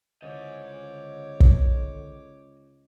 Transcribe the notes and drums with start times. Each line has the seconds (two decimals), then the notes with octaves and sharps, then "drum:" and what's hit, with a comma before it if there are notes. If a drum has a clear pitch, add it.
0.23 C#2 D3 C5 C#5 D#5 D6
1.40 drum: kick